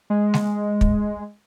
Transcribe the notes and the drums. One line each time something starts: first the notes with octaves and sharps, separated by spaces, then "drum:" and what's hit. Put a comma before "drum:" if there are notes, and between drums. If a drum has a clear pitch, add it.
G#3
drum: snare G#3
drum: kick